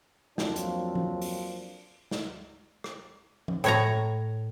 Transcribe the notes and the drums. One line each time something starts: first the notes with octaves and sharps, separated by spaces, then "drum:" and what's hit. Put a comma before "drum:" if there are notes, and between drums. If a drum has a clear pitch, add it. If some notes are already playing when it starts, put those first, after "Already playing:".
F2 F3 F#3 A#3 C4 D4, drum: snare
drum: hi-hat
drum: tom F3
drum: open hi-hat
drum: snare
drum: rim click
drum: tom F3
A2 C#5 A#5, drum: hi-hat